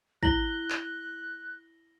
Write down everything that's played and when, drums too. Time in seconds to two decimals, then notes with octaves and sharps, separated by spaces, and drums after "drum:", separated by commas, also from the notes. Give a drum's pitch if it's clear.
0.23 E4 F#6 A#6 F#7 G7, drum: kick
0.70 drum: clap